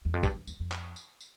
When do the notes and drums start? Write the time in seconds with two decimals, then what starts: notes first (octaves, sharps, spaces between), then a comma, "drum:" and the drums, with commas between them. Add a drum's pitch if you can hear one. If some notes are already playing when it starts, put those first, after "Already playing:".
0.05 E2
0.14 F2
0.23 G2, drum: kick, tambourine
0.35 F2
0.47 E2, drum: tambourine
0.60 F2
0.72 drum: clap
0.96 drum: tambourine
1.21 drum: tambourine